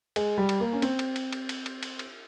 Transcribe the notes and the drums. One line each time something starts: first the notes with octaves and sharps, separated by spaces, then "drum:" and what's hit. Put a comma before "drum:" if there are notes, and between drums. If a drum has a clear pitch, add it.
G#3, drum: cymbal
G3
drum: cymbal
A#3
C#4
C4, drum: cymbal
drum: cymbal
drum: cymbal
drum: cymbal
drum: cymbal
drum: cymbal
drum: cymbal
drum: cymbal